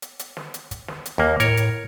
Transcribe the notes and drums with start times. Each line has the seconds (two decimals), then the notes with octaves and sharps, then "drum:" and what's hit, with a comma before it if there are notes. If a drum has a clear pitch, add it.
0.02 drum: hi-hat
0.19 drum: hi-hat
0.37 drum: snare
0.54 drum: hi-hat
0.71 drum: kick, hi-hat
0.88 drum: snare
1.06 drum: hi-hat
1.18 D#2 A#3
1.40 A2 A#4 C#5, drum: hi-hat
1.57 drum: hi-hat